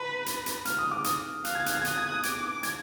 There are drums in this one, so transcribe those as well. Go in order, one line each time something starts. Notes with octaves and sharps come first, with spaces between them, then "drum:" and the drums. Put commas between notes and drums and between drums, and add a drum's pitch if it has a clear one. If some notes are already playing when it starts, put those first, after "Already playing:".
Already playing: B4 A#5
drum: hi-hat
drum: hi-hat
F6, drum: hi-hat
D#6
D6
D#6, drum: hi-hat
F5 F#6, drum: hi-hat
G#6
F#6, drum: hi-hat
G#6
D#6 F#6, drum: hi-hat
G#6
F#6
D6, drum: hi-hat
G#6, drum: hi-hat